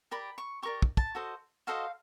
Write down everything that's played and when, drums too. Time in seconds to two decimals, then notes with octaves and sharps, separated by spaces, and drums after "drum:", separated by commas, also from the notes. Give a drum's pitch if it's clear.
0.11 G4 A#4 D5 B5
0.38 C#6
0.63 G4 A#4 D5 C#6
0.82 drum: kick
0.97 A5, drum: kick
1.15 F#4 A4 C5 D#5
1.67 F#4 A4 C5 D#5 F5